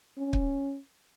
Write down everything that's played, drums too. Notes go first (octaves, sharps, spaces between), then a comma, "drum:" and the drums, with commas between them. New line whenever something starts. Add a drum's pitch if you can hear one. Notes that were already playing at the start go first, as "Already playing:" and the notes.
C#4
drum: kick